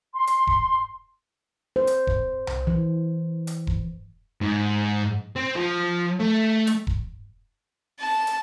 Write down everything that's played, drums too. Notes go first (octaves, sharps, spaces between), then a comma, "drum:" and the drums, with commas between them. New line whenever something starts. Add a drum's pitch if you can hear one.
C6
drum: hi-hat
drum: kick E1
C5
drum: hi-hat
drum: kick E1
drum: tom C2
E3
drum: hi-hat
drum: kick E1
G#2
C4
F3
A3
drum: hi-hat
drum: kick E1
A5
drum: hi-hat